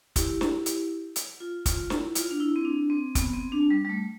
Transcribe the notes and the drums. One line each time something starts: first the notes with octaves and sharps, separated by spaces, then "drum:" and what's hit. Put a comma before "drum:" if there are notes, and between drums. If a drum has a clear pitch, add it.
E4 G4, drum: kick, hi-hat
drum: snare
drum: hi-hat
drum: hi-hat
F4
F4, drum: kick, hi-hat
E4, drum: snare
F4, drum: hi-hat
D4
E4
C4
D4
C4
B3, drum: kick, hi-hat
C4
D4
G3
G3
A3